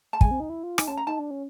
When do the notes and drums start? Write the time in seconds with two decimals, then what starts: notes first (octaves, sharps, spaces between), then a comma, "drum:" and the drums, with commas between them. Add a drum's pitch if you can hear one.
0.13 A5
0.21 G#3 G#5, drum: kick
0.31 C4
0.40 D#4
0.50 E4
0.63 F4
0.78 D#4 G#5, drum: rim click
0.87 C#4 A5
0.97 A#5
1.07 D#4 A5
1.19 D4
1.31 C#4